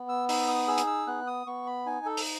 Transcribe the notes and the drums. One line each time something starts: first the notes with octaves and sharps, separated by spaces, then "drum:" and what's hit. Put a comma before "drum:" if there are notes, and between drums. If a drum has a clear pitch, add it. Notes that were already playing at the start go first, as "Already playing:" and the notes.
Already playing: B3
E6
D#4 E6, drum: open hi-hat
D#6
G#4 E6
drum: hi-hat
E6
B3 F#6
D#6
B3 C#6
B5
D#4 G#5
A4
drum: open hi-hat